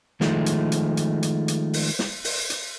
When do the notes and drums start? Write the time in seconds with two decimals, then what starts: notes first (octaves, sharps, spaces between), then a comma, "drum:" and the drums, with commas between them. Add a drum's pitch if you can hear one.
0.21 D#3 F3 G#3 A3, drum: snare
0.46 drum: hi-hat
0.72 drum: hi-hat
0.97 drum: hi-hat
1.23 drum: hi-hat
1.48 drum: hi-hat
1.73 drum: open hi-hat
1.99 drum: snare
2.24 drum: open hi-hat
2.50 drum: hi-hat